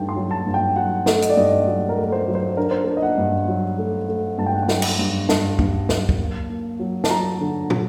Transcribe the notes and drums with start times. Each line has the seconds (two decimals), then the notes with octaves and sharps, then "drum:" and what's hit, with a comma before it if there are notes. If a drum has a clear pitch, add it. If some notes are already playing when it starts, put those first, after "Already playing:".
Already playing: G2 A3 D#4 G5 A5
0.09 C6
0.16 F#3
0.31 A5
0.46 G2
0.54 G5
0.76 F#3 F#5
1.06 A3, drum: snare
1.22 D#5, drum: hi-hat
1.30 D5
1.37 G2 D#5
1.67 F#3 D#5
1.89 A#4
1.97 A3
2.04 A#4
2.12 C5
2.28 F#3
2.35 C5
2.57 D4 A#4
2.71 C5
2.84 D4 A#4
2.97 D#5
3.02 F#5
3.18 G2
3.48 F#3
3.78 A3
4.09 A3
4.38 G2 A5
4.46 G5
4.54 F#5
4.63 G5
4.68 F#3, drum: snare
4.82 drum: cymbal
4.99 G2
5.29 G2 A5, drum: snare
5.59 G2, drum: kick D2
5.89 F#3, drum: snare
6.09 drum: kick D2
6.19 A#3
6.49 A#3
6.80 F#3
7.04 A5, drum: snare
7.09 F#3 A#5
7.41 D3
7.70 F#3, drum: tom